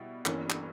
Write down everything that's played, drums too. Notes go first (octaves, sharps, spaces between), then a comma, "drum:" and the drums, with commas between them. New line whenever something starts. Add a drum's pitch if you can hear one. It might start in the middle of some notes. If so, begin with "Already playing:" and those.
Already playing: B2 G3 E4
G1 G2 E3 A#3 C#4, drum: clap
drum: clap